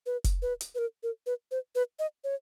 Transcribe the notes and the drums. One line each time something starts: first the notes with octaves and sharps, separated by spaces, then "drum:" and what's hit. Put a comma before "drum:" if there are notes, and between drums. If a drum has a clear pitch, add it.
B4
drum: kick F1, hi-hat
B4
drum: hi-hat
B4
A#4
A#4
B4
C5
B4
D#5
C#5